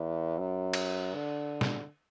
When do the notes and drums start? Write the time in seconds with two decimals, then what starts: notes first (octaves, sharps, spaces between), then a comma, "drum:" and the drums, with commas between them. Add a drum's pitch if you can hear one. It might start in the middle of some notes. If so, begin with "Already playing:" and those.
Already playing: E2
0.39 F#2
0.73 drum: cymbal
1.15 D3
1.61 drum: snare